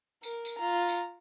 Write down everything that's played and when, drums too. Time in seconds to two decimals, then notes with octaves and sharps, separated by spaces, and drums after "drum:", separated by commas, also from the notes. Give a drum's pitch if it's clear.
0.23 A#4, drum: tambourine
0.45 drum: tambourine
0.58 F4 A#5
0.88 drum: tambourine